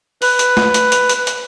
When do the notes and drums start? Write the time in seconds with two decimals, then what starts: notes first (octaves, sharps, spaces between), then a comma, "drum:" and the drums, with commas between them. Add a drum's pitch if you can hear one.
0.22 B4, drum: open hi-hat
0.39 drum: hi-hat
0.57 drum: snare
0.74 drum: hi-hat
0.92 drum: hi-hat
1.09 drum: hi-hat
1.27 drum: hi-hat